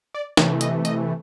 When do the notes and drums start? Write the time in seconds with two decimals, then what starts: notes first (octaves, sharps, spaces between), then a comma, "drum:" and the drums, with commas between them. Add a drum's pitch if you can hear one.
0.14 D5
0.37 C3 E3 A3 C#5, drum: snare
0.61 D#5, drum: hi-hat
0.85 D#5, drum: hi-hat